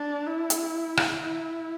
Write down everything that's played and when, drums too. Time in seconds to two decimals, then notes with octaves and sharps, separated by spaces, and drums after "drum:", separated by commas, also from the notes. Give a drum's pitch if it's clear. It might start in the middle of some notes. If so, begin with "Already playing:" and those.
Already playing: D4
0.26 E4
0.50 drum: hi-hat
0.97 drum: rim click
1.22 E4